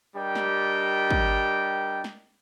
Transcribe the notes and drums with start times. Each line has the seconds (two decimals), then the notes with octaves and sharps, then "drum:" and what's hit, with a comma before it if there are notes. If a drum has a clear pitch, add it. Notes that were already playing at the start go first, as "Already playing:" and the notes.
0.17 G3 D4 G4 A#4 D#5 G5
0.35 drum: snare
1.11 drum: kick
2.04 drum: snare